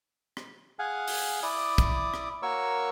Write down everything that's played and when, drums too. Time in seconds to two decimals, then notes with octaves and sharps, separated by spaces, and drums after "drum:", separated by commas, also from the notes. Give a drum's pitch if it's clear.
0.37 drum: rim click
0.79 G#4 F5 F#5 G#5
1.08 drum: open hi-hat
1.43 E4 D5 D6 D#6
1.78 drum: kick, hi-hat
2.14 drum: rim click
2.43 A#3 F#4 A#4 C#5 C#6 E6